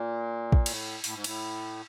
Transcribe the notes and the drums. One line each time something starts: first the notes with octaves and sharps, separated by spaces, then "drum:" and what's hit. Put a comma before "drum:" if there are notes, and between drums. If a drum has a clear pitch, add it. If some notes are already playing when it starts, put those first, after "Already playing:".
Already playing: A#2
drum: kick
A2, drum: cymbal
A2, drum: open hi-hat
G#2
A2, drum: cymbal